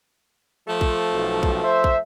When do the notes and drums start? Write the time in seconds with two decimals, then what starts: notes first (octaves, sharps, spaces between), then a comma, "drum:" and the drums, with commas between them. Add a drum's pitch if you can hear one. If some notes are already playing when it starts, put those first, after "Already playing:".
0.67 F3 A3
0.81 drum: kick
1.12 B1
1.43 drum: kick
1.63 C5 E5
1.84 drum: kick